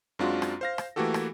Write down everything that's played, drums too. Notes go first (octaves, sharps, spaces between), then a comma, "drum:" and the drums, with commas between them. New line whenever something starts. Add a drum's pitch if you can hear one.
F#2 G#3 C4 D4 F4 F#4
drum: rim click
C5 F5 A#6
drum: rim click
E3 A3 A#3 F#4 G4 A4
drum: rim click